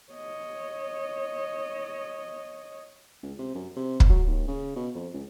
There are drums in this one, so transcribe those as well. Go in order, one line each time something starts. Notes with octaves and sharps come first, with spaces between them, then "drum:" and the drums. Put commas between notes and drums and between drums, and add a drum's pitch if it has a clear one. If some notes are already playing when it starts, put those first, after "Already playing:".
C#5 D#5
C#2
C3
F#2
C3
drum: kick
F#3
D#2
C#3
B2
F2
C#2